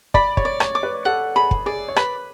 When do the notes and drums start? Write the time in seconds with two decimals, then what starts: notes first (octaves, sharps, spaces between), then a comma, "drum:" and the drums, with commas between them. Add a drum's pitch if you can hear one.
0.14 D5 B5, drum: kick
0.37 C#5, drum: kick
0.45 D5
0.60 C#5, drum: rim click
0.75 D6
0.83 B4
1.05 A4 F#5
1.36 G#4 B5
1.51 drum: kick
1.66 G#4 D5
1.88 C#5
1.96 B4 B5, drum: rim click